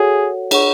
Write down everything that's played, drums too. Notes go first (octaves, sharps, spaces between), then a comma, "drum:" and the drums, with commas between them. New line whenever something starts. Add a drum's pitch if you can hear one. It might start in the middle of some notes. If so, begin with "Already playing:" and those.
Already playing: F#4 G#4 A4 C#5 F#5
D4 G#4 C#5 F#5 C#6, drum: cymbal